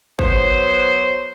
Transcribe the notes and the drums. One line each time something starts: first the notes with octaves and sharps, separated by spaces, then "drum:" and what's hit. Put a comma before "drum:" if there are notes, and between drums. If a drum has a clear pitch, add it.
F#3 B3 C5, drum: kick